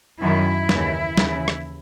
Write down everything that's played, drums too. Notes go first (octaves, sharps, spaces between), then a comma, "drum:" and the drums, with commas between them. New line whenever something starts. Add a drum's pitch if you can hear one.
F#2 D#3 E4
D#2 C#3 E3, drum: snare
D#2 C#3 E3, drum: snare
drum: rim click